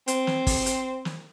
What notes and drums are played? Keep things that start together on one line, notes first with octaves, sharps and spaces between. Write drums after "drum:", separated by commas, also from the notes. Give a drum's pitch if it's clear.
C4, drum: hi-hat
drum: snare
drum: kick, open hi-hat
drum: hi-hat
drum: snare